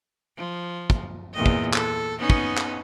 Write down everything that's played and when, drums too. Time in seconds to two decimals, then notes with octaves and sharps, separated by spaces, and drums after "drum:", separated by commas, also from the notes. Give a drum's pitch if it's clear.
0.37 F3
0.90 drum: kick
1.34 E2 A#2 D#5
1.46 drum: kick
1.74 A4, drum: clap
2.19 B3 C#4 D#4
2.30 drum: kick
2.58 drum: clap